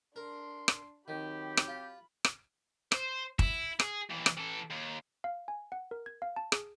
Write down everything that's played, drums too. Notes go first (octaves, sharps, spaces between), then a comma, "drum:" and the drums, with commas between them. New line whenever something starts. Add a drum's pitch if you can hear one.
D4 A#4 C6
drum: rim click
D#3 F#3 C4 G4 B5
drum: rim click
F4
drum: rim click
C5, drum: rim click
E4, drum: kick
G#4, drum: rim click
D#2 E3
drum: rim click
E3 A4
D#2
F5
G#5
F#5
A#4
G#6
F5
A5
G#4, drum: rim click